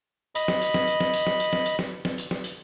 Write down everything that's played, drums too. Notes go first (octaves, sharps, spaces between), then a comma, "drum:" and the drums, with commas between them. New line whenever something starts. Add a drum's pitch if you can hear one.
D#5 B5, drum: tambourine
drum: snare
drum: tambourine
drum: snare
drum: tambourine
drum: snare
drum: tambourine
drum: snare
drum: tambourine
drum: snare
drum: tambourine
drum: snare
drum: snare
drum: tambourine
drum: snare
drum: tambourine